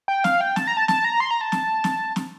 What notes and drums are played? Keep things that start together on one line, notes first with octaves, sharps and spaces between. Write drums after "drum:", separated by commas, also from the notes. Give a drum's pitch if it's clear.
G5
F5, drum: snare
G5
A5, drum: snare
A#5
A5
A5, drum: snare
A#5
C6
A#5
A5
drum: snare
drum: snare
drum: snare